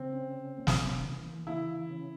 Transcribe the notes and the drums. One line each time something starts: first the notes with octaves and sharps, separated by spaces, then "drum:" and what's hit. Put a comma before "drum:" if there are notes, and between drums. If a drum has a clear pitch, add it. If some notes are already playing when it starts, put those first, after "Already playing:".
Already playing: C#3 C4
C#4
A#3
drum: snare
E3
C#3 E4
C#4